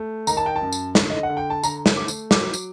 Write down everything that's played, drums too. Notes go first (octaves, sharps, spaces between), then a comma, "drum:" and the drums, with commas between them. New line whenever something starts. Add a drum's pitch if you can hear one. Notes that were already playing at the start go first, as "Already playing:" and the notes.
Already playing: A3
D#3 A#5, drum: tambourine
A5
G5
A5
F#2
drum: tambourine
D3, drum: snare
D#5
F#5
D3
G5
A5
D3 A#5, drum: tambourine
drum: snare
A3 D6
drum: tambourine
F#3 D6, drum: snare
drum: tambourine